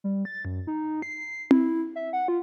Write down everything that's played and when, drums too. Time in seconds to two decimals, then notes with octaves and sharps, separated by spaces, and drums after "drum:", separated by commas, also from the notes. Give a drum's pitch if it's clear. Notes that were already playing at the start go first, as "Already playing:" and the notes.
0.04 G3
0.25 A6
0.45 F#2
0.67 D#4
1.02 C7
1.51 E4, drum: tom C4
1.96 E5
2.13 F#5
2.28 F4